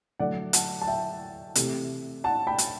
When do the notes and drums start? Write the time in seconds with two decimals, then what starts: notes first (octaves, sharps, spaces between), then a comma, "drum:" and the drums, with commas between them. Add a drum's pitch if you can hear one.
0.20 D3 F#3 A3 D5 F#5
0.53 F#5 A5, drum: hi-hat
0.81 A5
0.87 E5 G5
1.55 C3 E3 A3, drum: hi-hat
2.24 F#5 A5
2.47 G5 B5
2.58 drum: hi-hat